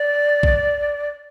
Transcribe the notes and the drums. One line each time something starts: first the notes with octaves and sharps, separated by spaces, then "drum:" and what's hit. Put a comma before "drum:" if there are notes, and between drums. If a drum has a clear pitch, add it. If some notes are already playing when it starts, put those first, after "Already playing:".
Already playing: D5
drum: kick A#1